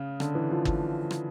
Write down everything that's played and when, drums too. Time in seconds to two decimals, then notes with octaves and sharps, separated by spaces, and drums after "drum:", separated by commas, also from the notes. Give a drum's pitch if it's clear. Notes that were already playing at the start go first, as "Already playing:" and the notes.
Already playing: C#3
0.20 D3, drum: rim click
0.35 E3
0.50 F3
0.65 drum: kick
1.11 drum: rim click